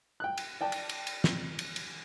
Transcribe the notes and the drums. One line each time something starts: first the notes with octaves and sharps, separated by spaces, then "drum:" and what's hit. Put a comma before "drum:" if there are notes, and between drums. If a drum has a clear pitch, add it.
G5 F#6
drum: cymbal
D5 G5 A5
drum: cymbal
drum: cymbal
drum: cymbal
drum: snare
drum: cymbal
drum: cymbal